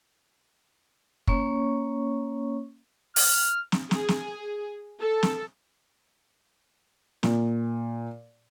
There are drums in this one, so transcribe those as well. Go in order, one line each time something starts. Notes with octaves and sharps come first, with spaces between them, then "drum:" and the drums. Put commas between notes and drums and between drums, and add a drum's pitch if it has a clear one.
A#3 C#4 C#5 C#6, drum: kick
F6, drum: open hi-hat
drum: snare
G#4, drum: snare
drum: snare
A4
drum: snare
A#2, drum: snare